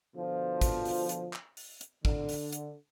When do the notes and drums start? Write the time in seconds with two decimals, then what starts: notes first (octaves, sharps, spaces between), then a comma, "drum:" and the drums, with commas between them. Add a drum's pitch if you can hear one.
0.16 B2 D3 F3
0.61 drum: kick, hi-hat
0.85 drum: open hi-hat
1.09 drum: hi-hat
1.33 drum: clap
1.57 drum: open hi-hat
1.81 drum: hi-hat
2.05 D3, drum: kick
2.29 drum: open hi-hat
2.53 drum: hi-hat